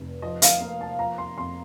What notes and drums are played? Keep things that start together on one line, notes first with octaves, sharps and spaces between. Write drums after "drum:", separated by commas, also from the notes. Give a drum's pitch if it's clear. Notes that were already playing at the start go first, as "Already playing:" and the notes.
Already playing: F1
F3 D#5
F5, drum: hi-hat
A#3
A5
F3 A#5
C6
F2 C6